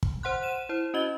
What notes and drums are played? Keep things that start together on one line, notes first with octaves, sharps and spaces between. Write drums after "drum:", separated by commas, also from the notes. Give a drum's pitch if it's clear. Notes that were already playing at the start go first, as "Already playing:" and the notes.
drum: kick
C5 F#5 C6 F#6
D#7 E7
E4 C5
C#4 F#4 D#5 G7